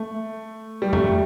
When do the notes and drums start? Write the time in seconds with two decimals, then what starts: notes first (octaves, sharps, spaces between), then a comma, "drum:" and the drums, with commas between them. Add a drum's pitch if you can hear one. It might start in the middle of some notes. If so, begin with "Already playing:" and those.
Already playing: A3
0.82 G3
0.93 A3, drum: tom E2
1.04 G3